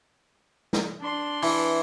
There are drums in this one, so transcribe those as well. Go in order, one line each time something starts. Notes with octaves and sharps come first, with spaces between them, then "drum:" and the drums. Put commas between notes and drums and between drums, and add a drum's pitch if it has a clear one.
drum: snare
D4 C6
E3, drum: open hi-hat